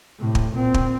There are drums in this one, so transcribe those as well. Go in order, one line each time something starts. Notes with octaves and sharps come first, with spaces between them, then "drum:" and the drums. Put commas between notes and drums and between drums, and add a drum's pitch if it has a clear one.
A2 C3
drum: kick
A#2 C4
drum: kick